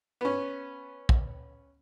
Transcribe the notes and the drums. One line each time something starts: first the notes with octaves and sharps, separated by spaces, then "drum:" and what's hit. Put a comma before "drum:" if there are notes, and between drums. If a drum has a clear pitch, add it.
B3 C#4
drum: kick A#1